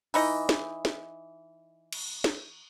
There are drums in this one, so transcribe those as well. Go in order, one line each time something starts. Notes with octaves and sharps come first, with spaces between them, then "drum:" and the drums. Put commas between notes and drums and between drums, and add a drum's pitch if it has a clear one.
E3 D#4 D#5, drum: open hi-hat
drum: snare
drum: snare
drum: cymbal
drum: snare